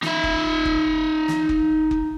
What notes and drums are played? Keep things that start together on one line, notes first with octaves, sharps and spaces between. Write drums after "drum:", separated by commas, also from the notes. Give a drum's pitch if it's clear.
D#4 E5, drum: snare
drum: kick F#1
drum: kick F#1
drum: snare
drum: kick F#1
drum: kick F#1